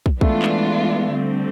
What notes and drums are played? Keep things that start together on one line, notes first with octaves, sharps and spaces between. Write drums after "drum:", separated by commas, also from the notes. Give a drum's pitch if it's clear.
drum: kick
E3 G#3 A3 B3 D4 F4, drum: kick
drum: clap
D3 G3 C4